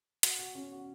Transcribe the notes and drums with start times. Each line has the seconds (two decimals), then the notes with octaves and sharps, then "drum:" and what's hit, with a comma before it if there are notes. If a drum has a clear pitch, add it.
0.23 F#4, drum: hi-hat
0.39 F#4
0.55 C#4
0.72 F#4